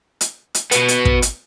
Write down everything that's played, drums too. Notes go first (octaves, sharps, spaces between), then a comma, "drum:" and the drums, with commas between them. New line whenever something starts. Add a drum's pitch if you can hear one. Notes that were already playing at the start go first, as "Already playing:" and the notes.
drum: hi-hat
drum: hi-hat
B2 B3, drum: hi-hat
drum: hi-hat
drum: kick
drum: hi-hat